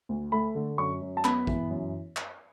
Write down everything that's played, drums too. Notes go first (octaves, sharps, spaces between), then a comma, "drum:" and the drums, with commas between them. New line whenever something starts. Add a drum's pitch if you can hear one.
D2
A3 B5
D3
F#2 C#6
F#2
A5
B3 B5, drum: clap
E3, drum: kick
F#2
drum: clap